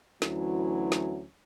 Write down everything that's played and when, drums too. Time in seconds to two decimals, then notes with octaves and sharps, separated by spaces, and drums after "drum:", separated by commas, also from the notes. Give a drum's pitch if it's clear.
0.22 D2 E3 F#3 C#4 E4, drum: snare
0.92 drum: snare